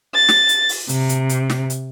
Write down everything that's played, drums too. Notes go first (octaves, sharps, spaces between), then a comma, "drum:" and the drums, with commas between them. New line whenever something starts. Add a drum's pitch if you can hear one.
A6
drum: snare
drum: hi-hat
drum: open hi-hat
C3, drum: hi-hat
drum: hi-hat
drum: hi-hat
drum: snare
drum: hi-hat